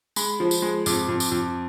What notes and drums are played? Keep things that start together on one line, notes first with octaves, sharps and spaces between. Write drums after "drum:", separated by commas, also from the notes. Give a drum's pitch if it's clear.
G#3 B5, drum: tambourine
F3
drum: tambourine
G#3
F2 D6, drum: tambourine
F2
D6, drum: tambourine
F2